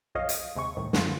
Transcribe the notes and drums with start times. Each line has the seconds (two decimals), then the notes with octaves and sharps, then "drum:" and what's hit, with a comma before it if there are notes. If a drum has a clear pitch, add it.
0.15 B1 F2 C#5 D#5 F5
0.29 drum: hi-hat
0.55 D#2 C3 G#3 C#6
0.77 C2 A2 D#3
0.93 F#2 D3 G3 F4, drum: snare